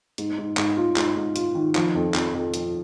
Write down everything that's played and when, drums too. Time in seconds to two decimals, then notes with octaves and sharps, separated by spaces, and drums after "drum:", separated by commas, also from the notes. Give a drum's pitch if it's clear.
0.18 G#2, drum: hi-hat
0.38 G#2
0.57 G#2, drum: clap
0.77 F4
0.96 G#2, drum: clap
1.16 G#2
1.36 F4, drum: hi-hat
1.55 D#3
1.75 F3, drum: clap
1.95 F2
2.14 F2, drum: clap
2.34 F2
2.54 F2, drum: hi-hat